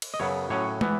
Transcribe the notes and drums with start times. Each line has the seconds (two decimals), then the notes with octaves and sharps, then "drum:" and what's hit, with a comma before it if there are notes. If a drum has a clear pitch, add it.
0.02 drum: cymbal
0.14 D#5
0.20 F#2 C#3 F#3 B3 C#5
0.50 A2 F#3 C#4 C#5
0.81 E3 B3, drum: tom